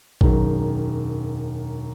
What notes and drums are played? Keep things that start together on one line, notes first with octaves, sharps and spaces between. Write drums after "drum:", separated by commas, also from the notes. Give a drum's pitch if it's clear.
E1 F#2 D#3 A#4, drum: kick